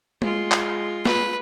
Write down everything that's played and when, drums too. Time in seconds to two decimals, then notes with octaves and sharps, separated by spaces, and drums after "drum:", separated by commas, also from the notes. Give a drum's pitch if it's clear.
0.22 G#3 F4, drum: tom G#3
0.52 drum: clap
1.06 B4, drum: snare